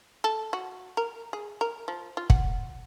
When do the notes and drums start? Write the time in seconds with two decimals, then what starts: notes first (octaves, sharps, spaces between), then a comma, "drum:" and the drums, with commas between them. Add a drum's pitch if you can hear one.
0.24 A4
0.53 F#4
0.97 A#4
1.33 G#4
1.61 A#4
1.88 F3
2.17 F4
2.30 F#5, drum: kick